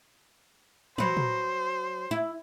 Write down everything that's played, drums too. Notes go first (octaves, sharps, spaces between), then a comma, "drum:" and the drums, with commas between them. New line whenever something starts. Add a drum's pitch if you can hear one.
F#3 B4 C5, drum: tom
drum: tom
E4